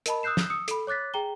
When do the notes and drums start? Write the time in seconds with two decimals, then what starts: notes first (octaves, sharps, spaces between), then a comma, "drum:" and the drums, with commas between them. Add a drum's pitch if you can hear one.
0.06 A#4 D#5 A5 B5, drum: hi-hat
0.23 D#6 E6 F#6 G6 C7 E7
0.37 drum: snare
0.50 D#6 E6 C#7
0.68 A4 B5, drum: hi-hat
0.87 C#5 D6 F#6 A6 B6
1.14 G#4 G5 A#5 G7